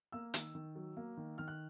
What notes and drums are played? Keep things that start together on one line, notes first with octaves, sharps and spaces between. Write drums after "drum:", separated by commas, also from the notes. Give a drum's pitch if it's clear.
A#3 E6
D#3, drum: hi-hat
D#3
F#3
A#3
D#3
D#3 F6
F#6